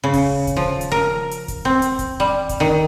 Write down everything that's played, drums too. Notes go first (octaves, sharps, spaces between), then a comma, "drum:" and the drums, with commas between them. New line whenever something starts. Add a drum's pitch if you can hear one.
C#3
drum: kick D#1, open hi-hat
drum: kick D#1, hi-hat
F3
drum: hi-hat
A#4
drum: hi-hat
drum: kick D#1, hi-hat
C4
drum: hi-hat
drum: kick D#1, hi-hat
G3
drum: kick D#1, hi-hat
D#3